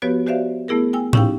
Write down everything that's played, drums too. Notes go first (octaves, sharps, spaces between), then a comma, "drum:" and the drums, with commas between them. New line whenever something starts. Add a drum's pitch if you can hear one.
F3 B3 F#4 G4 B4 C#5
F#4 G4 C5 D5 E5 F5
A3 B3 E4 G#4 A#4
G5 G#5 E6
C#4 D#4 E4 G4 F5 G5, drum: tom A2